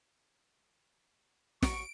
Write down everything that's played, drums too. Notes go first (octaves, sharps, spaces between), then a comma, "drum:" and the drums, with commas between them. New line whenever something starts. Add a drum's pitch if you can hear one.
C#6 D7, drum: snare